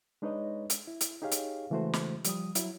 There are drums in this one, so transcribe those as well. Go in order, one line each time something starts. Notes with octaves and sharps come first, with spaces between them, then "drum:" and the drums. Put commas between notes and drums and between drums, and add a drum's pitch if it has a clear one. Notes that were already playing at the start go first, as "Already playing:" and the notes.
G#3 D4 D#4 B4 C#5 D#5
drum: hi-hat
E4
drum: hi-hat
D#4 G4 G#4 C#5 F5
drum: hi-hat
C#3 E3 G#3 A3 F#4 C5
drum: snare
F3 G3 D#6, drum: hi-hat
F#3 E4, drum: hi-hat